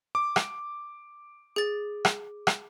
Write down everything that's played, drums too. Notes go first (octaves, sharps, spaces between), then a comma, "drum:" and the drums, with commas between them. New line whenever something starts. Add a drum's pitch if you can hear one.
D6
drum: rim click
G#4 A6
drum: rim click
drum: rim click